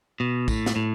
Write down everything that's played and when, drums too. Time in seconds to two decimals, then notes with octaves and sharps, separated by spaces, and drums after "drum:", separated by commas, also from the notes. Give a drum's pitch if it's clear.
0.20 B2
0.48 A2, drum: kick, tambourine
0.66 drum: snare
0.76 A2